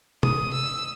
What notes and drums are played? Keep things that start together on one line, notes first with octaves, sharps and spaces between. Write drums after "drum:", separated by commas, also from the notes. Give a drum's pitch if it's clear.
D#6, drum: tom
E6